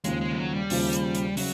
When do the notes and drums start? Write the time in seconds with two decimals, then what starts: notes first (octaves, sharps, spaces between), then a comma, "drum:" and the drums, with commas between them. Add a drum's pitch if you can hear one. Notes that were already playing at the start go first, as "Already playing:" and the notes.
0.04 D#2 C#3 F3 G#3, drum: hi-hat
0.21 G#3
0.32 G3
0.37 F#3
0.54 G3
0.70 D#2 C#3 F3, drum: open hi-hat
0.93 drum: hi-hat
1.15 drum: hi-hat
1.37 C#3 F#3, drum: open hi-hat